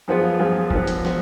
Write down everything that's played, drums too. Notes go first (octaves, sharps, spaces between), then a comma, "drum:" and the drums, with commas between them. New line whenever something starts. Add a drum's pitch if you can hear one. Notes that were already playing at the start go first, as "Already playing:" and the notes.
F#2 F3 B3 F4 G#4
F#2 F3 B3 F4 G#4
F#2 F3 B3, drum: kick
drum: hi-hat
F3 B3, drum: snare